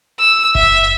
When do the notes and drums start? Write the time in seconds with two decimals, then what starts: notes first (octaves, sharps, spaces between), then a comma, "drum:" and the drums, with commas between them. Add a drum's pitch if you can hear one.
0.19 E6
0.55 E5, drum: kick F#1